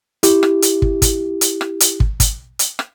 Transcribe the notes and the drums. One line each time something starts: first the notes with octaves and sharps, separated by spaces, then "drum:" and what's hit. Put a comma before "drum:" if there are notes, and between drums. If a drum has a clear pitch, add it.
E4 G4, drum: hi-hat
drum: rim click
drum: hi-hat
drum: kick
drum: kick, hi-hat
drum: hi-hat
drum: rim click
drum: hi-hat
drum: kick
drum: kick, hi-hat
drum: hi-hat
drum: rim click